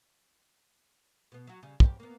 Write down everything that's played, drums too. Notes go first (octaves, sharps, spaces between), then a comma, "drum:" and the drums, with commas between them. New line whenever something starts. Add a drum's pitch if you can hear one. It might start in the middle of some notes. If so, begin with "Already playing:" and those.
B2 B3
F#3 F#4
C#3 G3
E2 G4, drum: kick
A#3 B3